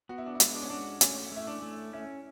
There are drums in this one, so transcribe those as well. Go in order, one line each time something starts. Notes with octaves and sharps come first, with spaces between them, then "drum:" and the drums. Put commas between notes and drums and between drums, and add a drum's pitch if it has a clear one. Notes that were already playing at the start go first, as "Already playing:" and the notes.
B3 F#4
E4
D4
E4
G#3, drum: hi-hat
D4
C#4
D4 F#4
A3 C#4, drum: hi-hat
A3 E4
D4
A3
C#4 E4